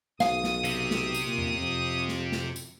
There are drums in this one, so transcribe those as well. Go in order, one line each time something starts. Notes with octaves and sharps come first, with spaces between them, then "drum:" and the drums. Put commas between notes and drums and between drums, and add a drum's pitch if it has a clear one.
B1 F5 D#6, drum: snare
drum: snare
C3, drum: tambourine
drum: snare
drum: tambourine
A#2
drum: tom E2
F2
drum: snare
drum: snare
drum: tambourine